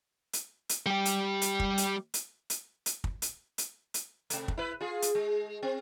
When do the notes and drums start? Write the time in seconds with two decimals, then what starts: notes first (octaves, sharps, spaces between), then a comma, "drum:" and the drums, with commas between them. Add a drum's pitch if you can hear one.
0.33 drum: hi-hat
0.69 drum: hi-hat
0.86 G3 G4
1.05 drum: hi-hat
1.42 drum: hi-hat
1.60 drum: kick
1.78 drum: hi-hat
2.14 drum: hi-hat
2.50 drum: hi-hat
2.86 drum: hi-hat
3.04 drum: kick
3.22 drum: hi-hat
3.58 drum: hi-hat
3.94 drum: hi-hat
4.30 C3 A3, drum: hi-hat
4.48 drum: kick
4.57 E4 B4
4.81 F4 G#4
5.02 drum: hi-hat
5.15 G#3
5.63 C4